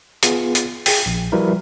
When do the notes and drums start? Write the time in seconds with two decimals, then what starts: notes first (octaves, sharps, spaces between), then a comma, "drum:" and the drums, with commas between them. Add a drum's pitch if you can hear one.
0.23 B3 F4 G#4, drum: hi-hat
0.55 drum: hi-hat
0.86 G#4 G5, drum: open hi-hat
1.06 A#1
1.32 F3 G3 E4 F#4 A#4 B4